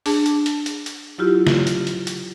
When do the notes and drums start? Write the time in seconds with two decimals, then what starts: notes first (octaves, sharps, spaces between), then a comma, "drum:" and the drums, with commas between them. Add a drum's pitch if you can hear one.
0.06 D4 G#4 A5, drum: open hi-hat
0.26 drum: hi-hat
0.46 drum: hi-hat
0.66 drum: hi-hat
0.86 drum: hi-hat
1.18 F#3 E4 F4 G4
1.47 drum: snare
1.67 drum: hi-hat
1.87 drum: hi-hat
2.07 drum: hi-hat